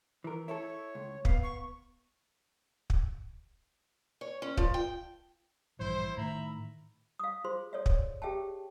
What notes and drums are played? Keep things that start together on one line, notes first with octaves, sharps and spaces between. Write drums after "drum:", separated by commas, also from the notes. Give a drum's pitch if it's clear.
E3 A#4
E4 A4 C#5
C#2
B3 F5, drum: kick
C#6
drum: kick
C#5
C#4
F3, drum: kick
G5
A#1 G2 E3 E4 C5
A2 D#3 E5 A#5 B5
F5 D#6
F4 G#4 C5 C6
A4 C#5 D5 E5
drum: kick
G4 G#4 E5 G5 A5